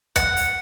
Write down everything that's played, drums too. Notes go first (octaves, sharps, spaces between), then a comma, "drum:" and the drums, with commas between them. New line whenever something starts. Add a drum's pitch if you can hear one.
F#5, drum: kick, hi-hat
drum: open hi-hat